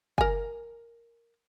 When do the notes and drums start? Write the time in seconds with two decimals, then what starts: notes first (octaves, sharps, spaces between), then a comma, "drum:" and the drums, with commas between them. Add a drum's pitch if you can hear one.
0.18 A#4 G#5, drum: kick F#1